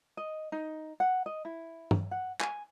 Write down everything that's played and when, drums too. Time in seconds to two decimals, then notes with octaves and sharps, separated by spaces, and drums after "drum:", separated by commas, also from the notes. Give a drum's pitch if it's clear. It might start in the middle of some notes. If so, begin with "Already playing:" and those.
0.17 D#5
0.52 D#4
1.00 F#5
1.26 D#5
1.45 E4
1.91 drum: tom G2
2.11 F#5
2.40 G#5, drum: clap